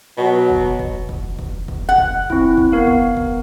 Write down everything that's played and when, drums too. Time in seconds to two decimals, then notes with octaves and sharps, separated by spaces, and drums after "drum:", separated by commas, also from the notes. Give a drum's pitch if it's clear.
0.18 B2 F#3
0.50 drum: kick
0.79 drum: kick
1.09 drum: kick
1.39 drum: kick
1.68 drum: kick
1.89 F#5
1.98 drum: kick
2.30 C4 E4, drum: kick
2.57 drum: kick
2.72 B3 A#4 F5
2.87 drum: kick
3.17 drum: kick